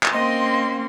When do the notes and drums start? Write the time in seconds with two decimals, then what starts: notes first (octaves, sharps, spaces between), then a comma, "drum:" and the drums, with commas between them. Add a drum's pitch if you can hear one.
0.03 drum: clap
0.13 A#3 C4 C#4 D#5 C6